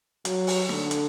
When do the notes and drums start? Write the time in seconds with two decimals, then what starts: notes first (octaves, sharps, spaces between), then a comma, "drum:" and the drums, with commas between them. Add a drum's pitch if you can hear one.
0.25 F#3, drum: hi-hat
0.47 drum: open hi-hat
0.69 D3, drum: snare D#4
0.91 drum: hi-hat